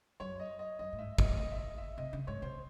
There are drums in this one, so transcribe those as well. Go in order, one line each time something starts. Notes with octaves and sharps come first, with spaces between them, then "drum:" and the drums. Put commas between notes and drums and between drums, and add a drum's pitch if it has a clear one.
F#2 C#5
D#5
D#5
F#2 D#5
A2
G#2 E5
A2 D#5, drum: kick
D#5
E5
D#5
E5
C3 D#5
C#3
G#2 C#5
C3 C5